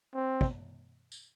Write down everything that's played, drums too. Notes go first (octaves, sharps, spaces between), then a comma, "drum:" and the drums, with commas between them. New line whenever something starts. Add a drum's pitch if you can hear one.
C4
drum: kick
drum: tambourine